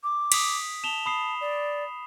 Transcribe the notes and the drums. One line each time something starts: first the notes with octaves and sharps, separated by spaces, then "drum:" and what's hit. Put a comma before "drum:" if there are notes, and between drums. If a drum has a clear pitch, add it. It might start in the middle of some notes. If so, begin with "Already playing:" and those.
D6
D#6 B6, drum: cymbal
A5 E7 F7 G7
B5 D#6 C7
D5